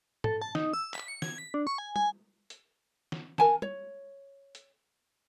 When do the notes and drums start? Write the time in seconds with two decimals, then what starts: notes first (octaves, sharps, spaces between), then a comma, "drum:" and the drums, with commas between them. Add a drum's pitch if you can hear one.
0.24 A4, drum: tom
0.42 A5
0.55 D#4, drum: snare
0.73 E6
0.94 B6, drum: clap
1.08 C#7
1.22 G#6, drum: snare
1.38 B6
1.54 D4
1.67 C#6
1.78 G#5
1.96 G#5, drum: tom
2.50 drum: hi-hat
3.12 drum: snare
3.38 A#4 G#5 A5, drum: snare
3.62 C#5, drum: tom
4.55 drum: hi-hat